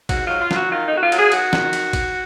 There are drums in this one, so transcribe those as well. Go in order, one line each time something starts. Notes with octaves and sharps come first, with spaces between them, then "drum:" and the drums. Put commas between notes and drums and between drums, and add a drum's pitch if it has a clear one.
G#2 F#4, drum: kick G#1, cymbal
F#3 F4
F4
F#3 F#4, drum: snare
D#3 F4
F2 D#4
F#4
F4
F#3, drum: cymbal
G#4
D#3 F#4, drum: cymbal
D#3, drum: snare
drum: cymbal
drum: kick G#1, cymbal